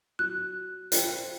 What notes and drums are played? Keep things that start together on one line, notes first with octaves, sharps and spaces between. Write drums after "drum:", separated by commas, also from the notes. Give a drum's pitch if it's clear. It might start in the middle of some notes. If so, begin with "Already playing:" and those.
F#3 F#6
F4 C5 G5, drum: hi-hat